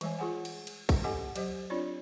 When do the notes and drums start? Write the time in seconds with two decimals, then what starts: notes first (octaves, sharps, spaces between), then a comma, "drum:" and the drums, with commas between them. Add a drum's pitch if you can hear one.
0.01 E3 G3 G#3 C#5 G#5, drum: cymbal
0.18 F4 G#4 F#5 G#5
0.45 drum: cymbal
0.67 drum: cymbal
0.89 drum: kick, cymbal
1.04 G4 A4 D#5 F#5 G#5
1.36 F#3 G4 C5 D#5, drum: cymbal
1.70 C4 D4 F4 C#5 D5